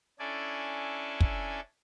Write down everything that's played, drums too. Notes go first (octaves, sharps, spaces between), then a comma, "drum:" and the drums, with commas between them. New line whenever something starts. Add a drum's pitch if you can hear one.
C#4 D4 E4 A4 D5 G#5
drum: kick